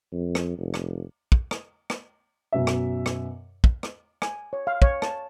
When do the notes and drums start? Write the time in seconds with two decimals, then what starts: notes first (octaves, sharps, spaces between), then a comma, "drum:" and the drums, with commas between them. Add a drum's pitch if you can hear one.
0.12 F2
0.35 drum: rim click
0.58 F1
0.74 drum: rim click
1.32 drum: kick
1.51 drum: rim click
1.90 drum: rim click
2.52 F#2 B2 E5
2.67 drum: rim click
3.06 drum: rim click
3.64 drum: kick
3.83 drum: rim click
4.22 G#5, drum: rim click
4.53 C#5
4.67 F5
4.82 C#5, drum: kick
5.02 A5, drum: rim click